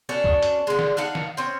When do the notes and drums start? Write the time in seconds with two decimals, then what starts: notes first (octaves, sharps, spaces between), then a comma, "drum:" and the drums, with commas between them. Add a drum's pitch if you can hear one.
0.09 C#4 D4 F#4 A4
0.24 drum: kick C#2
0.42 drum: hi-hat
0.67 D3 G#3
0.79 drum: snare
0.97 D4 D#4 F5 F#5
1.15 drum: snare
1.37 C4 C#4